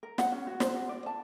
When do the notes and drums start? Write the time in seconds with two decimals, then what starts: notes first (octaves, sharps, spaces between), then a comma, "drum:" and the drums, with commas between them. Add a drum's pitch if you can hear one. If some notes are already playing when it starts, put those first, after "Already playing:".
0.03 A#4
0.18 F#5, drum: snare
0.32 C#4
0.47 F#4
0.60 C5, drum: snare
0.75 F#4
0.89 D5
1.06 A5